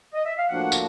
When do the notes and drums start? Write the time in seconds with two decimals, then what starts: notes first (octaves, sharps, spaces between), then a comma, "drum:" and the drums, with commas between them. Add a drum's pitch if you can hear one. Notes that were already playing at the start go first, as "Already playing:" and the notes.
0.14 D#5
0.26 E5
0.38 F5
0.49 A2 F3 A#3 D4 F#4 F#5
0.72 drum: tambourine